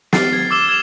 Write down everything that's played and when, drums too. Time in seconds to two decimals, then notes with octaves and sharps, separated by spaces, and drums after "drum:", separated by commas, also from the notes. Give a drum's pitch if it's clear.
0.13 F6 A6 C7, drum: snare
0.33 G#6
0.51 D6 E6 E7 G7
0.68 E6 G#6 E7 F7